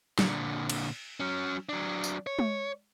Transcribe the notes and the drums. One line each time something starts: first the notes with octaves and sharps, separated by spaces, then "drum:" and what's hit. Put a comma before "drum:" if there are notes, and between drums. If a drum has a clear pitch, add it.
A#2 D3, drum: snare
drum: cymbal
F#3 C#4
F#3 D4
drum: tambourine
C#5
drum: tom G#3